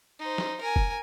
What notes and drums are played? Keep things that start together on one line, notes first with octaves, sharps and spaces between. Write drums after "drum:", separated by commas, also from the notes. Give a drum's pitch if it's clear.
D#4 C5
drum: snare
A#4 G#5
drum: kick